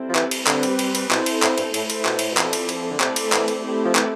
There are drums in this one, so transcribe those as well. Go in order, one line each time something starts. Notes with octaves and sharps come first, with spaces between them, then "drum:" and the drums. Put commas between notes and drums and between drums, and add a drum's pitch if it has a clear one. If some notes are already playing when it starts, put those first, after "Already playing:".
Already playing: G3 C4 E4 A4
F3
E3, drum: clap
drum: cymbal
D3 G3 C4 G4 B4, drum: clap
drum: cymbal
drum: cymbal
drum: cymbal
B2 C4 E4 A4 C5, drum: clap
drum: cymbal
A2, drum: clap
G2, drum: cymbal
A2 A3 E4 A4 C5, drum: cymbal
drum: cymbal
B2, drum: clap
A2, drum: cymbal
B2
F3 C4 E4 A4 D5, drum: clap
drum: cymbal
drum: cymbal
D3
C3 A3 C4 E4 A4 D5, drum: clap
drum: cymbal
E3, drum: clap
drum: cymbal
A3 C4 E4 G4
F3
E3, drum: clap